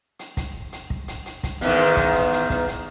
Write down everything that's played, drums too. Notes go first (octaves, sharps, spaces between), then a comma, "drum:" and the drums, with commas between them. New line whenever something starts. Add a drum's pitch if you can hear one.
drum: hi-hat
drum: kick, hi-hat
drum: hi-hat
drum: kick
drum: hi-hat
drum: hi-hat
drum: kick, hi-hat
E2 G#2 D#3, drum: hi-hat
drum: hi-hat
drum: kick, hi-hat
drum: hi-hat
drum: hi-hat
drum: kick, hi-hat
drum: hi-hat